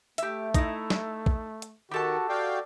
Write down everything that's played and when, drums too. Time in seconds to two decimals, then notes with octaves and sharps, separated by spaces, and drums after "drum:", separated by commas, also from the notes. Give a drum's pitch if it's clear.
0.18 A3 G4 E5, drum: hi-hat
0.54 D#4 E4, drum: kick, hi-hat
0.90 drum: snare
1.26 drum: kick
1.62 drum: hi-hat
1.91 D#3 F#4 G4 A4 A5
2.29 F#4 D5 F5 G5